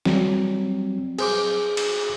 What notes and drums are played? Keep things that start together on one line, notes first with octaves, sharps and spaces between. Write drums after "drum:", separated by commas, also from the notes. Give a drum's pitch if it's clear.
F#3 G3 C4, drum: snare
G#4 C5 D6, drum: cymbal
drum: cymbal